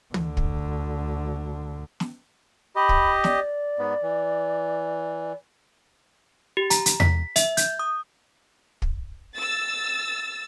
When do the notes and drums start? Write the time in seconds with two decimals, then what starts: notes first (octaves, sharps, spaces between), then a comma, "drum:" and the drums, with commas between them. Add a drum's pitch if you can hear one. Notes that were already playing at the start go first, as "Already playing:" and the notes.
0.14 D2 D3, drum: tom
0.37 drum: kick
2.00 drum: snare
2.76 G4 D#5 B5
2.89 drum: kick
3.24 D5, drum: snare
3.79 G#2 B3
4.02 E3
6.57 G4
6.70 A#5, drum: hi-hat
6.86 drum: hi-hat
7.00 B6, drum: tom E2
7.36 E5, drum: hi-hat
7.57 G6, drum: hi-hat
7.79 D#6
8.82 drum: kick
9.36 E6 A6